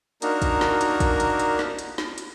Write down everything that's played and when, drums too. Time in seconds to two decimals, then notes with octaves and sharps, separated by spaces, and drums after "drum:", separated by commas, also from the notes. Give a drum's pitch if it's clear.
0.22 A#3 D4 D#4 F#4 A#4, drum: hi-hat
0.42 drum: kick, hi-hat
0.61 drum: snare
0.81 drum: hi-hat
1.00 drum: kick, hi-hat
1.20 drum: hi-hat
1.39 drum: hi-hat
1.59 drum: snare
1.79 drum: hi-hat
1.98 drum: snare
2.18 drum: hi-hat